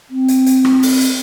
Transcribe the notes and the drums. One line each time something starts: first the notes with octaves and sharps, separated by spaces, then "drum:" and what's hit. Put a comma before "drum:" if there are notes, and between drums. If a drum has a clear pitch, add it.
C4
drum: hi-hat
drum: hi-hat
drum: rim click
drum: open hi-hat
drum: hi-hat